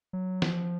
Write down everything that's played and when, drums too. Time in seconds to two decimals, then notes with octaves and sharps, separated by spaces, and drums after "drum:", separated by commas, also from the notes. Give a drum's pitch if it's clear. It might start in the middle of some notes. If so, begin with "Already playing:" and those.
0.13 F#3
0.42 F3, drum: snare